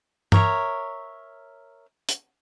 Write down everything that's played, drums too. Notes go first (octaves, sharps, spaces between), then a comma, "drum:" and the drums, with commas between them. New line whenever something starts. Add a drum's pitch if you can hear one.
A#4 C#5 E5, drum: tom
drum: hi-hat